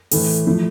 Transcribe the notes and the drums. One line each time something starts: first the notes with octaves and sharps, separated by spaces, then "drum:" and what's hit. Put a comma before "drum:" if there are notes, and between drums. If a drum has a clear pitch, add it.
A2 E3 A3, drum: open hi-hat
F3 A3 E4